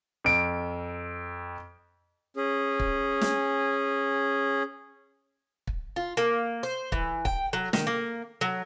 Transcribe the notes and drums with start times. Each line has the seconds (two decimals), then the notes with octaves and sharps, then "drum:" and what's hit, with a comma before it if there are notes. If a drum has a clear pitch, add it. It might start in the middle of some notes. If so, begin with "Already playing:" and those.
0.24 F2 D7
2.37 C#4 G#4
2.80 drum: kick
3.21 drum: snare
5.67 drum: kick
5.96 F4
6.17 A#3
6.63 C5
6.92 E3, drum: kick
7.25 G5, drum: kick
7.53 F#3
7.73 D#3, drum: snare
7.87 A#3
8.41 F#3